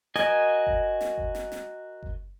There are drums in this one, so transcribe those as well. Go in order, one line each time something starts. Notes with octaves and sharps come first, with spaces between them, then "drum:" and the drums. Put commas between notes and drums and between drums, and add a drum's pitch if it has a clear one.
F#4 A#4 D#5 G#5, drum: snare
drum: kick F#1
drum: snare
drum: kick F#1
drum: snare
drum: snare
drum: kick F#1